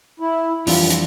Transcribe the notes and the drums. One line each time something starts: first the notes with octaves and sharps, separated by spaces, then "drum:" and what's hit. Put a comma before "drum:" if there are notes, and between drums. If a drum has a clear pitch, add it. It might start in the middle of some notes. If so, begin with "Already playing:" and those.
E4
F2 E3 G3 D4 F4, drum: open hi-hat
drum: hi-hat